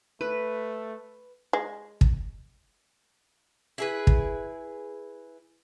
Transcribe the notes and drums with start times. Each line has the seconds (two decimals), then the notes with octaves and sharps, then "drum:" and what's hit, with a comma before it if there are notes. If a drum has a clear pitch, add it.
0.21 A3 B4
1.53 G#3
2.01 drum: kick
3.78 E4 G#4 B4
4.07 drum: kick